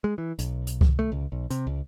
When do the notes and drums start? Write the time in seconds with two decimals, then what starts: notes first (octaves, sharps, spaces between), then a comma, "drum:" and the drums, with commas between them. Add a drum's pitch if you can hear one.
0.04 G#3
0.18 E3
0.39 B1, drum: hi-hat
0.67 drum: hi-hat
0.81 drum: kick C2
0.99 A3
1.12 C#2
1.32 B1
1.50 C3, drum: hi-hat
1.67 C#2